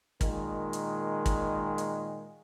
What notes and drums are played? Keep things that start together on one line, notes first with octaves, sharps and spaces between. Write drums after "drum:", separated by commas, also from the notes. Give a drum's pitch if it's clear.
A#2 D#3 G#3, drum: kick, hi-hat
drum: hi-hat
drum: kick, hi-hat
drum: hi-hat